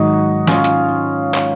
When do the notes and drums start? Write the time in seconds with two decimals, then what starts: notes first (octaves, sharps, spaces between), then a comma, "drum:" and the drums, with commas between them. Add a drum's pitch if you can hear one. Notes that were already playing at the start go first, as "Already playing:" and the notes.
Already playing: G#2 D#3 F#3 D#4 F#4
0.47 C#4 F4, drum: snare
0.64 drum: hi-hat
1.34 drum: clap